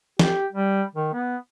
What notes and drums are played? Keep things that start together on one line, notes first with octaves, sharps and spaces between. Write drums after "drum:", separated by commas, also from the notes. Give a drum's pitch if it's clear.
G4, drum: snare
G3
D#3
B3